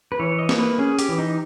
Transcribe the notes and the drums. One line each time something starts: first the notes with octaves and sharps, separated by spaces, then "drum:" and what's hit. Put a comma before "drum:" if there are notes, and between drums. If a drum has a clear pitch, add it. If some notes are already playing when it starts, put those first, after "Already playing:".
B4
E3 C#5
D#5
A#3, drum: snare
B4
C#4 G#4
G4, drum: hi-hat
E3
D#4